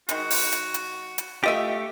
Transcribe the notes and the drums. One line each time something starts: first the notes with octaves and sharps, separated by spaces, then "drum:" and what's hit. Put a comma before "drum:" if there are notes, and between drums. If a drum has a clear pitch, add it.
D#3 G#3 F#4, drum: hi-hat
drum: open hi-hat
drum: hi-hat
drum: hi-hat
drum: hi-hat
A3 F4 G4 D#5 E5